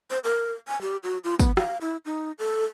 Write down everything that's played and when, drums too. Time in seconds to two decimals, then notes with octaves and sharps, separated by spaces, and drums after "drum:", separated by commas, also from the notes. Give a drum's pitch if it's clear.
0.10 C5
0.24 A#4
0.68 G#5
0.82 G4
1.03 F#4
1.24 F4
1.39 B3, drum: kick, tambourine
1.57 F5, drum: rim click
1.81 E4
2.06 D#4
2.39 A4